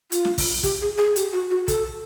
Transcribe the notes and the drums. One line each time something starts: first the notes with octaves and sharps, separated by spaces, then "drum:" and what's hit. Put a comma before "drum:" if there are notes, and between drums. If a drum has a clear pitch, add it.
F4, drum: hi-hat
drum: snare
drum: kick, open hi-hat
G4, drum: kick, hi-hat
G#4
G#4
G4, drum: hi-hat
F#4
F#4
A4, drum: kick, hi-hat